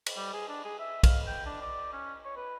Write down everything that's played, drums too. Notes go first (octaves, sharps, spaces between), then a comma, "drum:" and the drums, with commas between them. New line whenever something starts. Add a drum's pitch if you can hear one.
drum: cymbal
G3
G#4
D4
G#4
E5
F5, drum: kick, cymbal
G5
D4
D5
C#4
C#5
B4